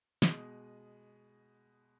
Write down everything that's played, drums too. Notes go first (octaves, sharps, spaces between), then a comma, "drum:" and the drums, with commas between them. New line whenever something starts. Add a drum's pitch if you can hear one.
B2 G#3 D#6, drum: snare